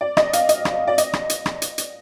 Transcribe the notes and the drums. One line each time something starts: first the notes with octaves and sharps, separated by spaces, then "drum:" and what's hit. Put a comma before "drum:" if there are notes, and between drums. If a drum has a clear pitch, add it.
D5
D#5, drum: rim click
F5, drum: hi-hat
D#5, drum: hi-hat
drum: rim click
D5
D#5, drum: hi-hat
drum: rim click
drum: hi-hat
drum: rim click
drum: hi-hat
drum: hi-hat